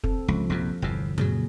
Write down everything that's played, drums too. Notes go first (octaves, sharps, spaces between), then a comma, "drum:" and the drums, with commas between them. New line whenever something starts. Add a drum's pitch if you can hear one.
C4 A4, drum: kick
C#2 F3
A#1 F#2 C3
G1 E2 C3
A#2 C#3 F3 F#3 G#4, drum: tom F#2